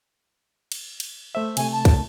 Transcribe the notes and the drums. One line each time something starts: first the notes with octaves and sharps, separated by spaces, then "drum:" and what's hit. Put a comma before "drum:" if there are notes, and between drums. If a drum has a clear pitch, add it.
drum: cymbal
drum: cymbal
A3 C5 E5
C3 A3 G#5, drum: cymbal
A5
drum: kick, cymbal